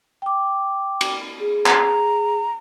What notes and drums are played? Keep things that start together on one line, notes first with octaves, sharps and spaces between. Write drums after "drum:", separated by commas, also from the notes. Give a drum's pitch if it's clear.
G5 D6
drum: cymbal
G#4
A#5, drum: clap